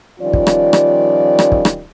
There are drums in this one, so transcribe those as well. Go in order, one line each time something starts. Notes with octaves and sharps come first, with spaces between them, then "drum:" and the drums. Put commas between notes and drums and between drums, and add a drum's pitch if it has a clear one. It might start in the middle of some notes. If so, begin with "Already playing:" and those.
D#3 F3 G3 C#4 F4 D5
drum: kick
drum: rim click
drum: rim click
drum: rim click
drum: kick
drum: rim click